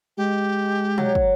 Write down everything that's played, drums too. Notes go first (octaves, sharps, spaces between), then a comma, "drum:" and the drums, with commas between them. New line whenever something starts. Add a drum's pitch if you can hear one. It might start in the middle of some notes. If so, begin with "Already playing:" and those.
G#3 G4
F#3, drum: tom B2
drum: kick